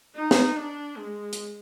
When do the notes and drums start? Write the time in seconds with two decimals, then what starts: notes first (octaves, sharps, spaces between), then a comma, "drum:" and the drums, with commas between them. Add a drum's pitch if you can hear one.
0.15 D#4
0.31 drum: snare
0.56 D4
0.97 G#3
1.33 drum: hi-hat